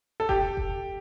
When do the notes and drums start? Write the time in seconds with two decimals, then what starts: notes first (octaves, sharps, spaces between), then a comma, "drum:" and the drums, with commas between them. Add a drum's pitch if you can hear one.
0.20 A4
0.29 G4, drum: kick F1
0.57 drum: kick F1